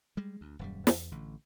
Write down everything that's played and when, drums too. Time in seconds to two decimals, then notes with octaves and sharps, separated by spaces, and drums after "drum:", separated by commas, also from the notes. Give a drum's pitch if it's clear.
0.17 G3 G#3
0.41 D2
0.59 D#1 F#2 G3
0.87 E2, drum: snare
1.12 A1 D3